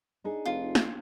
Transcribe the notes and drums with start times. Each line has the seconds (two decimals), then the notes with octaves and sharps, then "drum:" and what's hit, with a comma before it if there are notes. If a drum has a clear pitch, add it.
0.24 D4 D#4 G#4
0.45 F1 F4
0.75 drum: snare